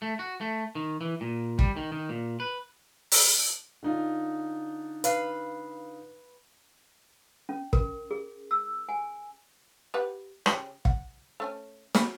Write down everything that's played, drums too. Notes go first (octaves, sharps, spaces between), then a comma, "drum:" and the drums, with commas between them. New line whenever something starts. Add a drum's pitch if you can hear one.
A3
F#4
A3
D#3
E3
A#2
G3, drum: kick
D#3
D#3
A#2
B4
drum: open hi-hat
D3 D#4 F4
B4 F5, drum: hi-hat
C#4
A#4, drum: kick
G#4
E6
G#5
G4 B4 F#5
C#3 C#4 G4, drum: rim click
F#5, drum: kick
A3 C#4 G#5
F#4 G#5 B5, drum: snare